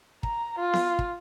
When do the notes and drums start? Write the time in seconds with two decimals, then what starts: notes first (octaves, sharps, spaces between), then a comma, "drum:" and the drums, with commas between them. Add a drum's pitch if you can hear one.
0.23 A#5, drum: kick
0.59 F4
0.73 drum: snare B3
0.99 drum: kick